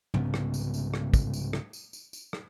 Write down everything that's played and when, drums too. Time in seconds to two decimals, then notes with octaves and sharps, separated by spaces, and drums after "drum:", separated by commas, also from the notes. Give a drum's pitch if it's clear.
0.14 C2 G#2 C#3 B3, drum: tom
0.34 drum: rim click
0.54 drum: tambourine
0.74 drum: tambourine
0.94 drum: rim click
1.14 drum: kick, tambourine
1.33 drum: tambourine
1.53 drum: rim click
1.73 drum: tambourine
1.93 drum: tambourine
2.13 drum: tambourine
2.33 drum: rim click